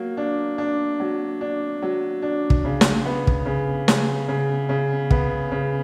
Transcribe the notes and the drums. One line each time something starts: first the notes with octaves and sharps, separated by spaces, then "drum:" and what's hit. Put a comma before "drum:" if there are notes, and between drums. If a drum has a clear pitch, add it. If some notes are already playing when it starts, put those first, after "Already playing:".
Already playing: F#3 A#3
D4
D4
F#3
D4
F#3
D4
drum: kick
C#3
drum: snare
B3
drum: kick
C#3
C#3, drum: snare
C#3
C#3
B3, drum: kick
C#3